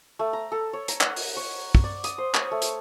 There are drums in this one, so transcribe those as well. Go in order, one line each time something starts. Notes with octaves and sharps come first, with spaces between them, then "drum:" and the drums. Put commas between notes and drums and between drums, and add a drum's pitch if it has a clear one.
A3
A#5
A4
C#5
A#5, drum: hi-hat
F#5, drum: clap
drum: open hi-hat
C#5
drum: kick
D5
D#6, drum: hi-hat
C5
C#5, drum: clap
A3
drum: hi-hat